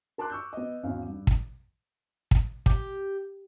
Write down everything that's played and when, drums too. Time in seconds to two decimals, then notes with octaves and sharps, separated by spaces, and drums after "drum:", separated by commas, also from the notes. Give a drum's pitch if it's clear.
0.18 A#4 A5 C6 D6 F#6
0.30 C#6 E6 G6
0.53 B3 D#5
0.83 G#1 E2 C#4 F5
1.08 G2
1.27 drum: kick
2.31 drum: kick
2.66 G4, drum: kick